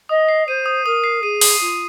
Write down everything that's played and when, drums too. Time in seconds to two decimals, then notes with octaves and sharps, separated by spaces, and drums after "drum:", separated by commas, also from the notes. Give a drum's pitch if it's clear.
0.09 D#5 D#6
0.29 C7
0.48 C5 D#7
0.66 D#6
0.86 A#4 D#6
1.04 C7
1.22 G#4 D#7
1.41 D#6, drum: open hi-hat
1.60 F4 D#6